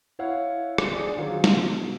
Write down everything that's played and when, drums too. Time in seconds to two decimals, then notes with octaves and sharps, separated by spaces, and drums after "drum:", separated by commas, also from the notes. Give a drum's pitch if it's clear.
0.19 E4 C#5 F5 F#5
0.78 drum: rim click
0.93 D4 G#4
1.17 D#3 F#3 F4 G#4 C5
1.44 B2, drum: snare